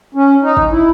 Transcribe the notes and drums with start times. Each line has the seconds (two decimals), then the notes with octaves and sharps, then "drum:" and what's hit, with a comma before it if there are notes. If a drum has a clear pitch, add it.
0.15 C#4
0.43 D#4
0.57 drum: kick
0.71 E4